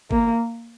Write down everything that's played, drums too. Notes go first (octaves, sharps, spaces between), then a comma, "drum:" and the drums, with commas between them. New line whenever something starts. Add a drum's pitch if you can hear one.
A#3, drum: kick G1